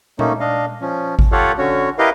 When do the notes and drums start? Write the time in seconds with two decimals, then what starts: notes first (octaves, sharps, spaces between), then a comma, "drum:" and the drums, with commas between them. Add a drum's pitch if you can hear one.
0.19 A3 A#3 C#4 D#4, drum: tom A#2
0.40 D4 D#5 F5
0.81 F3 C#4
1.19 drum: kick G#1
1.32 F4 G4 A4 C#5 F5 F#5
1.58 D3 C#4 F#4 C#5
1.98 E4 G4 A#4 B4 D#5 F5